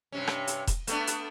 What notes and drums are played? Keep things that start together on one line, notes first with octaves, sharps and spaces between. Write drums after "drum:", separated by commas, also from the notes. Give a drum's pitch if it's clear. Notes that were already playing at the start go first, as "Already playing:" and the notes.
G2 C3 C#4
drum: rim click
drum: hi-hat
drum: kick E1, hi-hat
A3 B3 D4, drum: hi-hat
drum: hi-hat